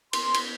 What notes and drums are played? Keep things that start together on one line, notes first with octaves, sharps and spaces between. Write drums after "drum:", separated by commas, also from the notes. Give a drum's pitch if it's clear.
C6, drum: cymbal
drum: cymbal